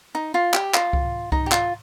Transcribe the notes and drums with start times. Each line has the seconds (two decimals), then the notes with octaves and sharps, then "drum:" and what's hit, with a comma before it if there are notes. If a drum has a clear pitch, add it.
0.15 D#4
0.34 F4
0.54 G4, drum: clap
0.74 F4, drum: clap
0.93 drum: kick C2
1.32 D#4, drum: kick C2
1.46 G4
1.52 F4, drum: clap